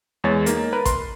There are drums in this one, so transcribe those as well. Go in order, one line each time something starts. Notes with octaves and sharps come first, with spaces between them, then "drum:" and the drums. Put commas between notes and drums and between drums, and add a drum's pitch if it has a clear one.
E2 G#3 C#5 A6
A#3 D#4, drum: hi-hat
A#4 B4
C6, drum: kick A1, hi-hat